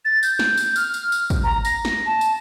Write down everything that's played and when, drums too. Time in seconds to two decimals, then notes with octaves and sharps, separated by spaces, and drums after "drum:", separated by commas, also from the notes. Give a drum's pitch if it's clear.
0.05 A6
0.23 G6, drum: tambourine
0.39 drum: snare
0.57 drum: tambourine
0.76 F6, drum: tambourine
0.94 drum: tambourine
1.12 drum: tambourine
1.30 drum: kick, tambourine
1.44 A#5
1.65 A#6, drum: tambourine
1.85 drum: snare
2.06 A5
2.21 drum: tambourine